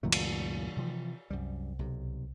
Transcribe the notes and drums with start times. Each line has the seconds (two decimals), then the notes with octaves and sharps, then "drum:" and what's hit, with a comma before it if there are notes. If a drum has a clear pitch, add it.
0.03 C#2 F#2 A#2 D#3 F#3 A3
0.12 drum: cymbal
0.77 C3 E3 F3
1.30 C2 F#2 G3
1.79 B1 C3